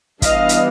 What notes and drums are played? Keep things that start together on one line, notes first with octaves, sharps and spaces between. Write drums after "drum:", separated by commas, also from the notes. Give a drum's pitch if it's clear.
E3 G3 B3 D4 D#5 F5, drum: kick, hi-hat
drum: hi-hat